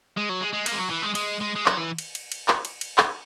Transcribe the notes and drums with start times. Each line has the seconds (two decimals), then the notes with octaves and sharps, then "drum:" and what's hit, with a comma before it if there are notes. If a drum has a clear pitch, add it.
0.17 G#3
0.29 F#3
0.41 G#3
0.53 G#3
0.66 A#3, drum: cymbal
0.72 G#3
0.78 F#3
0.91 E3
1.03 G#3
1.15 G#3, drum: cymbal
1.41 G#3
1.56 G#3
1.66 F#3, drum: clap
1.78 E3
1.98 drum: cymbal
2.15 drum: cymbal
2.32 drum: cymbal
2.48 drum: clap
2.65 drum: cymbal
2.81 drum: cymbal
2.98 drum: clap